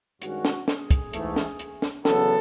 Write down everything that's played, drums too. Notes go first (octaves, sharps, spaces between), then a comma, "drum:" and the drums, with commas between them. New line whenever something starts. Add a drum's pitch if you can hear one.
G2 D#3 G#3 C#4 F#4, drum: hi-hat
drum: snare
G#4, drum: snare
drum: kick, hi-hat
G#2 E3 A3, drum: hi-hat
drum: snare
drum: hi-hat
drum: snare
E2 C#3 F#3 B3 A4, drum: snare